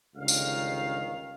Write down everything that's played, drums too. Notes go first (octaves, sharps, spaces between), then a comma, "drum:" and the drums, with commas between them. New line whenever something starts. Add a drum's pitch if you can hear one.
G1 C#2 D#3 F5
drum: tambourine